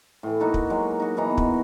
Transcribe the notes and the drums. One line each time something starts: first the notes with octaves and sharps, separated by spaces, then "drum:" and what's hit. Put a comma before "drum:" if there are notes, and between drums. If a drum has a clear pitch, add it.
A2 E3
A#3 D#4 F#4 A4
drum: kick
F#3 G#3
D#4 F#4
B2 E3 D#4 A#5
drum: kick